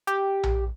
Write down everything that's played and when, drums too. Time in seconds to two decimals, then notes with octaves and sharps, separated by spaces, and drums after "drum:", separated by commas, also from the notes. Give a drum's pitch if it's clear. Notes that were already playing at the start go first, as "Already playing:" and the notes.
0.07 G4, drum: hi-hat
0.43 drum: tom A#1